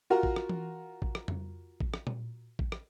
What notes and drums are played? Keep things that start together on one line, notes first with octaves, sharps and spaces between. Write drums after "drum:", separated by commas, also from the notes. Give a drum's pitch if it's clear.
F4 F#4 A#4
drum: kick A1
drum: rim click
drum: tom E3
drum: kick A1
drum: rim click
drum: tom F2
drum: kick A1
drum: rim click
drum: tom A#2
drum: kick A1
drum: rim click